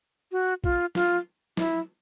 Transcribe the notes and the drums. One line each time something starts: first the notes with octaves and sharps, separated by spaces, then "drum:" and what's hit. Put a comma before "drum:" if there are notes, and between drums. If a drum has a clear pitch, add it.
F#4
F4, drum: kick A#1
F4, drum: snare
E4, drum: snare